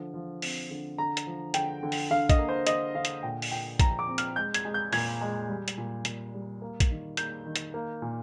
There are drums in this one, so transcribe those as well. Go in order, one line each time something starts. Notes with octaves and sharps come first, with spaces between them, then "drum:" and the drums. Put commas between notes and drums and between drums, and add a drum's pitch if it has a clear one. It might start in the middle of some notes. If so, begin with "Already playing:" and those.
Already playing: D3 F3
F3
C4, drum: open hi-hat
D3
D3 A#5
drum: hi-hat
F3
D3 G5, drum: hi-hat
D3
drum: open hi-hat
D3 F5
D#5, drum: kick A#1, hi-hat
A#3
C5
D3 D#5, drum: hi-hat
D3 F5
drum: hi-hat
A#2 G5
drum: open hi-hat
A#2 G5
F3 A#5, drum: kick A#1, hi-hat
D6
C4
F6, drum: hi-hat
G#3 G6
G#6, drum: hi-hat
G#3
G6
A#2 G#6, drum: open hi-hat
G#3
G3
drum: hi-hat
A#2
A#2, drum: hi-hat
G3
A#3
drum: kick A#1, hi-hat
D#3
A#3 G6, drum: hi-hat
D#3
drum: hi-hat
A#3
A#2